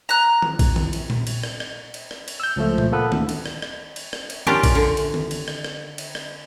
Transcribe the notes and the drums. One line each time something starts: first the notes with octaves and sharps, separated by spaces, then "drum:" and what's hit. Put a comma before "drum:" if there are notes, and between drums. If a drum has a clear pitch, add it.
A#5 F#6
drum: tom D#3
drum: kick A#1, cymbal
drum: tom D#3
drum: cymbal
drum: tom A#2
drum: cymbal
drum: rim click
drum: rim click
drum: cymbal
drum: rim click
drum: cymbal
E6 G6
C#2 F3 A3
drum: tom A#2
A#3 B3 A4 B4
D2 D3, drum: tom D#3
drum: cymbal
drum: rim click
drum: rim click
drum: cymbal
drum: rim click
drum: cymbal
C#4 D4 F4 G4 A#4, drum: tom D#3
drum: kick A#1, cymbal
D3
drum: cymbal
drum: tom D#3
drum: cymbal
drum: rim click
drum: rim click
drum: cymbal
drum: rim click